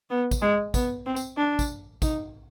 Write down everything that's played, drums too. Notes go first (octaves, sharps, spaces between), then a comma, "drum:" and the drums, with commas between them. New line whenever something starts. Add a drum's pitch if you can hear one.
B3
drum: kick, tambourine
G#3
B3, drum: kick, tambourine
C4
drum: tambourine
D4
drum: kick, tambourine
D#4, drum: kick, tambourine